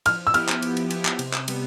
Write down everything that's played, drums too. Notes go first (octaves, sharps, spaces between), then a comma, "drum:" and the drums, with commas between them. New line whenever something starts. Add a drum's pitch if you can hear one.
F3 F6, drum: cymbal
E6
B3 E4 G4 F6, drum: cymbal
drum: clap
F3, drum: cymbal
drum: cymbal
B3 E4 G4, drum: cymbal
drum: clap
C3, drum: cymbal
drum: clap
G3 B3, drum: cymbal